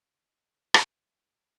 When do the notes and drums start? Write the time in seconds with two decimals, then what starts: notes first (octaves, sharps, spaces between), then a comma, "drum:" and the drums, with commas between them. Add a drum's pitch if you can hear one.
0.13 A2 G#3 D#5 F5
0.74 drum: rim click
1.05 C#3 C4 G#4 A4